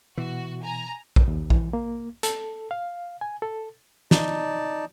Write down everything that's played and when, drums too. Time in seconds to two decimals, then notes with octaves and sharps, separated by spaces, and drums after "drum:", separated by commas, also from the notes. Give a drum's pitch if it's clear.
0.18 B2 E3 F#4
0.63 G#5 A#5
1.16 drum: kick A#1
1.28 D#2
1.50 E3, drum: kick A#1
1.73 A#3
2.23 A4, drum: hi-hat
2.71 F5
3.21 G#5
3.42 A4
4.11 D#4 D5 A5, drum: snare